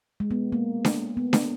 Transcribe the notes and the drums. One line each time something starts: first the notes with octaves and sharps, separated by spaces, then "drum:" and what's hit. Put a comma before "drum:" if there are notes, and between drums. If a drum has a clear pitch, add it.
G#3
B3
A#3
drum: snare D4
B3
drum: snare D4